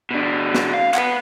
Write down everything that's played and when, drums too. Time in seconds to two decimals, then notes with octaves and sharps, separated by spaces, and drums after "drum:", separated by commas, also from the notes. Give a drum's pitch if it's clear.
0.11 B2 D4
0.55 drum: snare
0.74 F5
0.94 B4 F#5, drum: clap